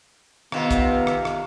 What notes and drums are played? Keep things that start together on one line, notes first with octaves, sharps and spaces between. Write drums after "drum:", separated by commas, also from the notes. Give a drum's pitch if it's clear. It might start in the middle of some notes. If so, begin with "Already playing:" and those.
C3 D#3 B3 F4, drum: rim click
drum: kick, hi-hat
drum: rim click
drum: rim click